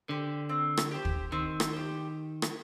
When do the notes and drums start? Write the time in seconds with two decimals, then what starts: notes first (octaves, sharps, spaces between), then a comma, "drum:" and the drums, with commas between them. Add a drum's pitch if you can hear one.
0.08 D3 G4 C5
0.49 C4
0.77 drum: rim click
0.91 G4 C5
1.05 drum: kick
1.32 D#3 C4
1.60 drum: rim click
1.73 G4 C5
2.42 drum: rim click